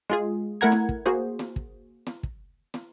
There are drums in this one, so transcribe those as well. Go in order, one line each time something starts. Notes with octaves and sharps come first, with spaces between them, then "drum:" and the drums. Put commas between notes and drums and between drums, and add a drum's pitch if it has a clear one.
G#3 F4 G#4
A3 E4 A#4 F#5 A#5 G#6
drum: snare
drum: kick
A#3 F#4 G#4 C5
drum: snare
drum: kick
drum: snare
drum: kick
drum: snare